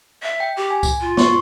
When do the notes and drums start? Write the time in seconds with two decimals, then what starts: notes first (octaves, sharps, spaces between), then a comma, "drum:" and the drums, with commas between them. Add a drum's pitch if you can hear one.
0.22 E5
0.40 G5
0.57 G4
0.70 G#5
0.83 drum: kick C2, tambourine
1.01 F4
1.17 C6 C#6, drum: snare